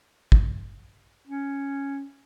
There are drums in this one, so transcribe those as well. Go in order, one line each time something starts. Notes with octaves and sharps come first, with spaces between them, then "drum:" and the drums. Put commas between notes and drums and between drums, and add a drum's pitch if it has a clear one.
drum: kick
C#4